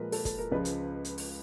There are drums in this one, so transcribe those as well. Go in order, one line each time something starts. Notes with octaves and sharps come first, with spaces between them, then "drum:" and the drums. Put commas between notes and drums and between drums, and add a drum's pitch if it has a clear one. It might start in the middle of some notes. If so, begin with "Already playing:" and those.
Already playing: A#2 F3 G#3 A#4 B4
A4, drum: open hi-hat
A4, drum: kick, hi-hat
A#4
C#2 C#3 F3 G#3 B4
drum: hi-hat
drum: hi-hat
drum: open hi-hat